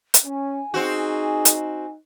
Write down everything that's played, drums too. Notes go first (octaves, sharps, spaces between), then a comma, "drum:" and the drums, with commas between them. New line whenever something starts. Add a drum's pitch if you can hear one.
drum: hi-hat
C#4 G#5
C4 D#4 F#4 G#4
drum: hi-hat